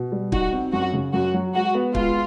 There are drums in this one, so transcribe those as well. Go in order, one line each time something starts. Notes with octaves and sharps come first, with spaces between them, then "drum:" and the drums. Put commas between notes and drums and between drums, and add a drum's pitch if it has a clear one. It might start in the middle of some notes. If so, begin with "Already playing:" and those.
Already playing: B2
G3
D#4 F#4, drum: kick
C4
F#2 F#4
C#3
F#2 F#4
F#3
G#3 F#4
B3
G#3 F4, drum: kick